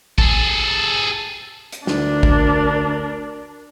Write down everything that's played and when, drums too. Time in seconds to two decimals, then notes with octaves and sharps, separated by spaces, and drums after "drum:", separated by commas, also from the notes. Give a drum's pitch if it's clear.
0.18 G#4 A4, drum: kick
1.72 drum: hi-hat
1.87 D2 D4 A#4, drum: snare
2.23 drum: kick